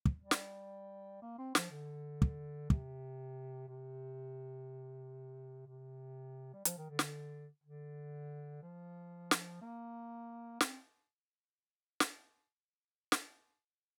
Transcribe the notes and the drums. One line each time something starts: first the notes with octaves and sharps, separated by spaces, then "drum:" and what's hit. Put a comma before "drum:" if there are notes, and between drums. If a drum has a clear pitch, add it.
drum: kick
G3
drum: snare
A#3
C4
F3, drum: snare
D3
drum: kick
C3, drum: kick
C3
C3
G3
F3, drum: hi-hat
D#3
D3
drum: snare
D3
F3
drum: snare
A#3
C4, drum: snare
drum: snare
drum: snare